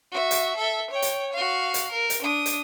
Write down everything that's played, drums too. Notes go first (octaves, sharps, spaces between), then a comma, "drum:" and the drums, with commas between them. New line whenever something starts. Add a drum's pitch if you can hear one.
F#4 E5
drum: hi-hat
A4 E5
C#5 G5
drum: hi-hat
F#4 F5
drum: hi-hat
A#4
drum: hi-hat
D4 D#6
drum: hi-hat